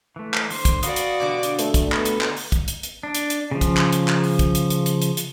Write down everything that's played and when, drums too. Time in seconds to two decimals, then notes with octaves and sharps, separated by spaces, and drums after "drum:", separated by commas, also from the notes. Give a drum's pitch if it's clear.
0.16 E3 A3
0.34 drum: clap
0.50 D3 C5, drum: open hi-hat
0.65 drum: kick, hi-hat
0.83 E3 F#4 D5 F5 B5 D#6, drum: hi-hat
0.96 drum: hi-hat
1.20 B2 D3 G3 D6
1.43 drum: hi-hat
1.59 A3, drum: hi-hat
1.74 drum: kick, hi-hat
1.92 B3 A4 B5, drum: clap
2.05 drum: hi-hat
2.21 drum: clap
2.37 drum: open hi-hat
2.52 drum: kick, hi-hat
2.68 drum: hi-hat
2.83 drum: hi-hat
3.03 D4
3.15 drum: hi-hat
3.30 drum: hi-hat
3.51 C#3 F3
3.61 drum: kick, hi-hat
3.77 drum: clap
3.92 drum: hi-hat
4.08 drum: clap
4.24 drum: open hi-hat
4.39 drum: kick, hi-hat
4.55 drum: hi-hat
4.70 drum: hi-hat
4.86 drum: hi-hat
5.02 drum: hi-hat
5.17 drum: hi-hat